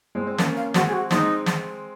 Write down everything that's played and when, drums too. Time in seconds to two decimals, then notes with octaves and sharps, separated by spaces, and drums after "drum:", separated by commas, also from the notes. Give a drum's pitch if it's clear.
0.15 G#3 C4
0.27 C4
0.38 A#3 C#4, drum: snare
0.56 F5
0.74 G#3 C4 F#4, drum: snare
0.87 G#4
0.93 F#4
1.11 G#3 C4 D#4, drum: snare
1.46 drum: snare